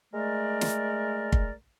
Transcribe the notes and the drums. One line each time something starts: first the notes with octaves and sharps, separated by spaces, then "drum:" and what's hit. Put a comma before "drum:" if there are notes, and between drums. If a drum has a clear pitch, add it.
G#3 A3 A#4 D5
drum: snare
drum: kick